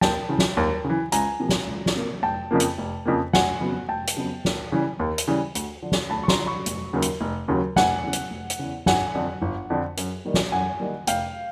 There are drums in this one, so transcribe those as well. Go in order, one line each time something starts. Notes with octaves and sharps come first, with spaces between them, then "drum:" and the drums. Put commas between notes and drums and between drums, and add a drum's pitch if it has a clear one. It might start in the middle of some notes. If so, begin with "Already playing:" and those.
D#2 G5 A5, drum: snare
C#3 E3
drum: snare
D#2
C#3
E3
C#2 G#5 A#5, drum: hi-hat
C3 F3 A#3
drum: snare
C#2
drum: snare
C3 F3 A#3
F1 G5 A5
F2 C#3 F3 A#3
drum: hi-hat
F1
F2 C#3 F3 A#3
F1 F#5 G#5, drum: snare
F2 C#3 F#3 B3
F1 G5 A5
drum: hi-hat
F2 C#3 F#3 B3
D#2, drum: snare
C#3 E3 G3
D#2
drum: hi-hat
C#3 E3 G3
D2, drum: hi-hat
D3 F3
drum: snare
D2 A5 B5
C#6
A#5 C6, drum: snare
D3 F3
B5 C#6
F1, drum: hi-hat
D#2 C#3 F#3
drum: hi-hat
F1
D#2 C#3 F#3
F1 F#5 G#5, drum: snare
E2 C#3
drum: hi-hat
F1
drum: hi-hat
E2 C#3
G1 F#5 G#5, drum: snare
F2 D3
G1
F2 D3
F#2, drum: hi-hat
D#3 G3 A#3
drum: snare
F#2 F#5 G#5
D#3 G3 A#3
F1 F5 G5, drum: hi-hat